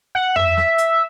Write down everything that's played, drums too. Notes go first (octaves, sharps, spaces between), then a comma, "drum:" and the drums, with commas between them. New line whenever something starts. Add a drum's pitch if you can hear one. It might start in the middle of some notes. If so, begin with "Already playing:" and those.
F#5
E5, drum: tom F2
drum: snare
drum: hi-hat